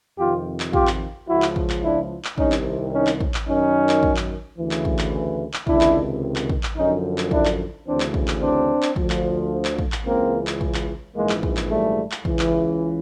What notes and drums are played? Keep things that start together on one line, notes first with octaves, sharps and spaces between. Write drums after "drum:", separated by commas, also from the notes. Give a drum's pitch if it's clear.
F2 C3 D#3 F4 G4
drum: clap
F4 G4, drum: kick
drum: clap
C#2 C#3 F3 E4 F#4
drum: clap
drum: kick
drum: clap
D4 E4
drum: clap
C2 C3 D#3 C#4 D#4, drum: kick
drum: clap
C#4 D#4
drum: clap
drum: kick
drum: clap
F#2 D#3 C#4 D#4
drum: clap
drum: kick
drum: clap
D2 C#3 E3
drum: clap
drum: kick
drum: clap
drum: clap
C#2 C3 D#3 D4 E4, drum: kick
drum: clap
drum: clap
drum: kick
drum: clap
F#2 D3 F3 C#4 D#4
drum: clap
D4 E4, drum: kick
drum: clap
D2 C#3 E3 C4 D4
drum: clap
drum: kick
drum: clap
C4 D4
drum: clap
D2 D3 F3, drum: kick
drum: clap
drum: clap
drum: kick
drum: clap
C#2 C#3 E3 A#3 C4
drum: clap
drum: kick
drum: clap
A#1 G#2 E3 G#3 A#3
drum: clap
drum: kick
drum: clap
G3 A3
drum: clap
C#2 C#3 E3, drum: kick
drum: clap